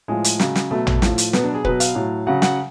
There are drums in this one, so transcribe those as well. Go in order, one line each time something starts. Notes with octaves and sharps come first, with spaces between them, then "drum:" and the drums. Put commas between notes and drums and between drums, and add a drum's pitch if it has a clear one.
A2 F3 G#3
drum: hi-hat
C#3 F#3, drum: snare
drum: snare
B2 F#3 A3
drum: tom A1
A2 F3, drum: snare
drum: hi-hat
B2 F#3 B3, drum: snare
D4
G#4
B2 F#3 B4, drum: kick
F5, drum: hi-hat
A2 F#3
C#3 F#3 F#5
F#5, drum: snare